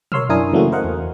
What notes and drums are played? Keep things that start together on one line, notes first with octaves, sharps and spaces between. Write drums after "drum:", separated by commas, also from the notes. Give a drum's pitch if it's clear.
A#4 C#5 C6 E6 F6, drum: tom B2
F#2 D4 E4 A#4 G#5 D#6
C#3 E3 F#3 A3 A#3 F#4
A#4 C5 D#5 F5 F#5
E2